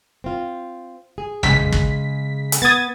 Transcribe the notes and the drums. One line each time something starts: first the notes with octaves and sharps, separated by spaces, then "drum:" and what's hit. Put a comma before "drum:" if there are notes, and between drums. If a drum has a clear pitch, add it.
C4 F4
G#4
C#3 G#3 B6, drum: tom A#1
drum: kick
drum: hi-hat
B3 D#6 G#6 A6